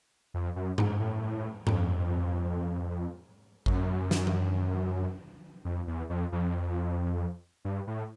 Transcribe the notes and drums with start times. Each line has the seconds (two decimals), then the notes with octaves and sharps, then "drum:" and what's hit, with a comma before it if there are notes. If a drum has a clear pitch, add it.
0.34 F2
0.56 F#2
0.78 G#2, drum: tom G2
1.00 A2
1.67 F2, drum: tom G2
3.66 F#2, drum: kick G#1
4.11 drum: snare
4.27 drum: tom E3
5.65 F2
5.87 E2
6.10 F2
6.32 F2
7.65 G2
7.87 A2